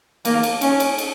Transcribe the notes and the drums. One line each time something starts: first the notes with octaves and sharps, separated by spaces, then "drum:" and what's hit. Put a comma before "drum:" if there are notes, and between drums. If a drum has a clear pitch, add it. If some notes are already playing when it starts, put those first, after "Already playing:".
A#3, drum: cymbal
drum: cymbal
C#4, drum: cymbal
drum: cymbal
drum: cymbal